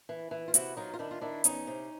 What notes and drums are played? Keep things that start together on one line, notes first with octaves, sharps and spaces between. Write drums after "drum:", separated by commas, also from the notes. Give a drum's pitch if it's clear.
E3
E3
F4
C3 E4 F#4, drum: hi-hat
F#3 D#4 F4
F4
D#3 D4 E4
F4
D#3 D4 E4
E2 C#4 D#4, drum: hi-hat
C3